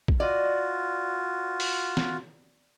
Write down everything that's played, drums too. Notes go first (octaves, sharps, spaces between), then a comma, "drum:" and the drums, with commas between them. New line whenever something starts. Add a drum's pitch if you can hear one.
drum: kick
F4 F#4 D5 D#5
drum: open hi-hat
drum: snare